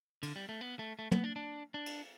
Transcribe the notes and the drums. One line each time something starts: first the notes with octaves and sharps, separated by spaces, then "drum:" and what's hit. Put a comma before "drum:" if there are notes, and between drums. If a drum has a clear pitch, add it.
D3, drum: cymbal
G3
A3
B3
A3
A3
B3, drum: tom
D4
D4
D4
drum: cymbal